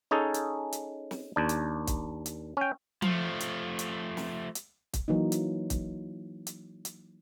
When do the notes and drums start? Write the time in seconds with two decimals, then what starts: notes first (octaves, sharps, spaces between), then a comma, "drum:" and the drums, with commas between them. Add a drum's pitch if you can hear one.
0.11 C#4 D#4 G#4 A4
0.34 drum: hi-hat
0.73 drum: hi-hat
1.11 drum: snare
1.36 D#2 D4
1.49 drum: hi-hat
1.87 drum: kick, hi-hat
2.26 drum: hi-hat
2.57 C#4 G5
3.02 F3 A3, drum: tom F3
3.40 drum: hi-hat
3.79 drum: hi-hat
4.17 drum: snare
4.55 drum: hi-hat
4.93 drum: kick, hi-hat
5.08 E3 F#3 A#3 D#4
5.32 drum: hi-hat
5.70 drum: kick, hi-hat
6.47 drum: hi-hat
6.85 drum: hi-hat